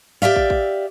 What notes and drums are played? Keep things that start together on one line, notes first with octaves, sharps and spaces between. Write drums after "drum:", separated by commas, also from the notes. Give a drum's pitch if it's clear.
G4 D5 E5 F5
drum: kick
drum: kick